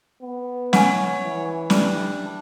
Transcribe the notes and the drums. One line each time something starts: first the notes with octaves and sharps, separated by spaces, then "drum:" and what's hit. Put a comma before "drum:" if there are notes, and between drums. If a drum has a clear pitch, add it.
B3
C#5 F#5 G#5, drum: snare
E3
G3 D4, drum: snare